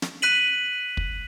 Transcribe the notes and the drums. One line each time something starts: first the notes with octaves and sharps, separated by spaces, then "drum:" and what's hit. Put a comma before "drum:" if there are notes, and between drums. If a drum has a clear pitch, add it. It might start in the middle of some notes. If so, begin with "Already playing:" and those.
drum: snare
F#6 B6 D#7 F#7
drum: kick